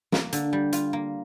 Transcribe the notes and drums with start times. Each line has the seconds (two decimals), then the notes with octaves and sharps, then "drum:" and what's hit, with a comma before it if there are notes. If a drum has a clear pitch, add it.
0.12 A#3, drum: snare
0.33 D3, drum: hi-hat
0.53 G3
0.73 F4, drum: hi-hat
0.93 A#3